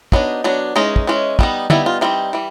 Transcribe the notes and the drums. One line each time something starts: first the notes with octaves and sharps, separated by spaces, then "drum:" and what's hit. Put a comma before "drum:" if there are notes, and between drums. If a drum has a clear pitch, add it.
F#3 B3 D4 D#4, drum: kick
F#3 B3 D4
E3 G#3 C#4 D#4
drum: kick
E3 G#3 C#4
G3 B3 D#4, drum: kick
G3 B3 D#4 E4, drum: tom
F4
E3 G3 C4 D#4 F4
E3 G3